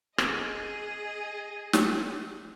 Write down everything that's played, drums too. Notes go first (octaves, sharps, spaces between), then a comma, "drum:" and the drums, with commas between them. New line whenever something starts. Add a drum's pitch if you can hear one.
G#4 D#5, drum: rim click
drum: snare